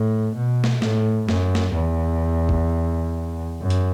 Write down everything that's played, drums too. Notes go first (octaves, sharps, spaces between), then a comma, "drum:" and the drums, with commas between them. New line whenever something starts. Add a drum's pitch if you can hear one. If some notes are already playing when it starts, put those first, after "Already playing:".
Already playing: A2
B2
drum: snare
A2, drum: snare
F#2, drum: snare
drum: snare
E2
drum: kick
F#2
drum: hi-hat